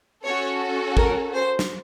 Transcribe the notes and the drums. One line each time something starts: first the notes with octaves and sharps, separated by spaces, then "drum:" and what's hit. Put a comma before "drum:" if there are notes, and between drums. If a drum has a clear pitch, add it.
C#4 F#4 A4 C#5
A#4, drum: kick
C5
drum: snare